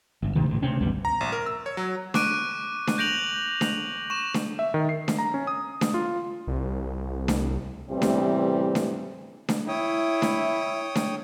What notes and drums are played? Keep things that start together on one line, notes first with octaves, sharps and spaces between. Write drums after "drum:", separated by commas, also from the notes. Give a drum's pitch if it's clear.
G1
D1 D2 C3 D#3
A1
D2 C3 C4 C#4
G#1 D2 G3 B3
A#5
A#1
A#4
E6
C#5
F#3
C#6 D6 F#6 D7 D#7, drum: snare D4
drum: snare D4
G6 A#6 D7 F7 F#7
drum: snare D4
C#6 E7
drum: snare D4
E5
D#3
C7
drum: snare D4
A#5
C#4
D#6
drum: snare D4
F4
C2
drum: snare D4
E2 A2 C3 E3 G3 C4
drum: snare D4
drum: snare D4
drum: snare D4
E4 C#5 G5 D#6
drum: snare D4
drum: snare D4